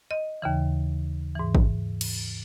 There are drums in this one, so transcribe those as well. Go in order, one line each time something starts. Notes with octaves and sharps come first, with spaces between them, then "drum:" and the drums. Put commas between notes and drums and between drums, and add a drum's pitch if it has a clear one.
D#5
D#2 C#3 E3
G#2 E3
drum: kick A1
drum: cymbal